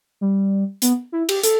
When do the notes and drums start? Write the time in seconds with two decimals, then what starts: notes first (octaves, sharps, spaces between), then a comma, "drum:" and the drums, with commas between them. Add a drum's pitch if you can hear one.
0.21 G3
0.82 B3, drum: hi-hat
1.12 E4
1.29 G4, drum: cymbal
1.43 A4, drum: hi-hat